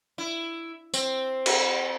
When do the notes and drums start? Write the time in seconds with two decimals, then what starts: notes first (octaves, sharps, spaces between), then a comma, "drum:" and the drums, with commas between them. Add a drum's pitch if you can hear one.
0.18 E4
0.94 C4, drum: tambourine
1.46 drum: cymbal